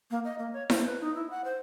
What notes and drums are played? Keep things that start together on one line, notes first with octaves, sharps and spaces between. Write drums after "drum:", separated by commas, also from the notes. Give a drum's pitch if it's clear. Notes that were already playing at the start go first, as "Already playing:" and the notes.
A#3
D#5
A#3
C#5
C5, drum: snare E4
B4
D#4
E4
F#5
C5